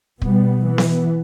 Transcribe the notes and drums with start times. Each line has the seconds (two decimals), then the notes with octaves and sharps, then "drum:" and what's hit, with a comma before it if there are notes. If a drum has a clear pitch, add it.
0.22 B2 G3 B3, drum: kick
0.64 E3 B3
0.78 drum: snare B3